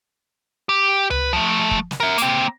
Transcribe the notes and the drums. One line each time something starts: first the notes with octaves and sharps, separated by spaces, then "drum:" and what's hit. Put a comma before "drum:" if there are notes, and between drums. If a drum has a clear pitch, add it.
G4
B4, drum: tom C#2
F3 A3
drum: kick
drum: snare
A#4 E5
A#3 C4, drum: hi-hat